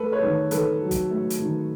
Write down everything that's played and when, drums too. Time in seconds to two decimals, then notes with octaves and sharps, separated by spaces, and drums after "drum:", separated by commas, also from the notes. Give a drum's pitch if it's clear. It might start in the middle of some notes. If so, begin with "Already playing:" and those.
Already playing: A3 A4 B4
0.12 B4 C#5
0.22 D#3
0.51 D#3 A4 B4, drum: hi-hat
0.81 F#3
0.91 drum: kick, hi-hat
1.11 A3
1.30 drum: hi-hat
1.40 D#3